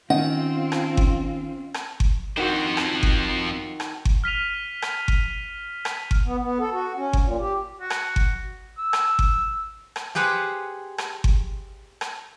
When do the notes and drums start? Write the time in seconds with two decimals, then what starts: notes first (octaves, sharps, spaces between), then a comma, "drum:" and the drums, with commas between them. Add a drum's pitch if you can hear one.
0.10 D#3 C4 C#4 F4 D#5 F#5
0.72 drum: rim click
0.97 drum: kick G1
1.74 drum: rim click
2.00 drum: kick G1
2.37 F2 D#3 F#4 C5
2.77 drum: rim click
3.03 drum: kick G1
3.80 drum: rim click
4.05 drum: kick G1
4.24 F6 B6 D#7 F7
4.82 drum: rim click
5.08 drum: kick G1
5.85 drum: rim click
6.11 drum: kick G1
6.23 B3
6.42 B3
6.59 A4
6.73 F#4
6.96 C#4
7.13 drum: kick G1
7.22 A#2
7.39 G4
7.81 F#4
7.90 drum: rim click
8.16 drum: kick G1
8.78 E6
8.93 drum: rim click
9.19 drum: kick G1
9.96 drum: rim click
10.15 G4 G#4 B4 C5 F#5
10.98 drum: rim click
11.24 drum: kick G1
12.01 drum: rim click